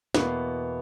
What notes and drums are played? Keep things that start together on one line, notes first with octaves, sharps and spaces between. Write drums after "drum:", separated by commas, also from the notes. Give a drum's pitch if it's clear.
E2 B2 A#3 B3, drum: snare